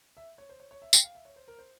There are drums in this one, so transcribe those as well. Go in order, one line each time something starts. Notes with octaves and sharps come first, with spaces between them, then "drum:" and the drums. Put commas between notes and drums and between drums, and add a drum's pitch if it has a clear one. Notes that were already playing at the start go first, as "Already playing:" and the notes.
E5
C#5
C5
C#5
C#5
E5
G5, drum: tambourine
F5
E5
C#5
C5
A#4
C5